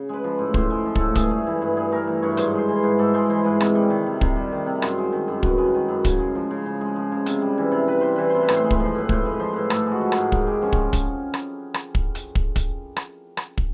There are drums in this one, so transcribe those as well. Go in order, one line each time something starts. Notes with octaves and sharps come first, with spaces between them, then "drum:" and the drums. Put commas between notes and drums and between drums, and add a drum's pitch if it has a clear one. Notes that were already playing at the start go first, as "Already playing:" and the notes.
Already playing: C#3
G#3 B4
F3
A2
A2 C5, drum: kick
G#3
F3
A2 A4, drum: kick
G2 G#4, drum: kick, hi-hat
A3
E3
G2
G2 G#4
A3 A#4
E3
G2 C#5
G#2 C5, drum: hi-hat
G#3 C5
E3
G#2
G#2 A4
G#3 C5
E3 C5
G#2 B4
C3, drum: rim click
G3
D#3
C3
C3, drum: kick
G3
D#3
C3
F#2 C5, drum: rim click
G#3
D#3
F#2
F#2 B4, drum: kick
G#3
D#3
F#2
C#3, drum: kick, hi-hat
G#3
F3
C#3
C#3
G#3
F3
C#3
C3, drum: hi-hat
G3
E3
C3
C3 B4
G3 C5
E3 B4
C3 C5
B4
A2, drum: rim click
C5
G#3
B4, drum: kick
F3
C5
A2 B4
A2 C5, drum: kick
G#3 B4
F3 C5
A2 B4
G#2 A4, drum: rim click
G#3
F#4
F3
G#2 A#4, drum: rim click
G#2, drum: kick
G#3 G4
F3 C#4
drum: kick
drum: kick, hi-hat
drum: rim click
drum: rim click
drum: kick
drum: hi-hat
drum: kick
drum: kick, hi-hat
drum: rim click
drum: rim click
drum: kick